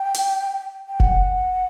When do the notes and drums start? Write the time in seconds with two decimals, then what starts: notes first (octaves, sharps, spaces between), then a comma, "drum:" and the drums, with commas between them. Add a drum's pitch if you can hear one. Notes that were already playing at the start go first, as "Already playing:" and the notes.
Already playing: G5
0.14 drum: hi-hat
0.88 G5
1.00 F#5, drum: kick F1